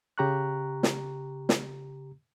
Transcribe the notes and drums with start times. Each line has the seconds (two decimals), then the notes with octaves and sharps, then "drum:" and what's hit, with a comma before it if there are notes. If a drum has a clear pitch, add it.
0.18 C#3 G4 A#5 C#6 F#6
0.83 drum: snare
1.49 drum: snare